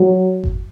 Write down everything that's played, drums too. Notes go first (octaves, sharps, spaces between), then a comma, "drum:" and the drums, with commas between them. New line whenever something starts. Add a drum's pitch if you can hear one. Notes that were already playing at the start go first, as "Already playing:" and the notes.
Already playing: F#3
drum: kick G1